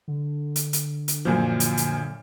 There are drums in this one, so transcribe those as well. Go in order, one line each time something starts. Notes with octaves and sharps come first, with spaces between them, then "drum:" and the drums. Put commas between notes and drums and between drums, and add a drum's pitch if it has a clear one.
D3
drum: hi-hat
drum: hi-hat
drum: hi-hat
F#2 A#2 F3
drum: hi-hat
drum: hi-hat